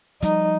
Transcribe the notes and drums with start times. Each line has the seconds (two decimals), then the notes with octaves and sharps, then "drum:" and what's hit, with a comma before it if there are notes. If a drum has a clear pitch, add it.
0.22 F3 G3 D#4, drum: hi-hat